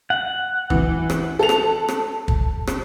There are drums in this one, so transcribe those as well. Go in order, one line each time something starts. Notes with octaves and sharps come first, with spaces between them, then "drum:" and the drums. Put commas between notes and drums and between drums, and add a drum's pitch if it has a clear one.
F#5
E3, drum: kick
drum: rim click
A4 F7
drum: rim click
drum: rim click
drum: kick
drum: rim click